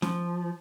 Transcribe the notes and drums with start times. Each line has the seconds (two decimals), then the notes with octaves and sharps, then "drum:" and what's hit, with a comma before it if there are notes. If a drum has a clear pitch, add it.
0.02 F3, drum: snare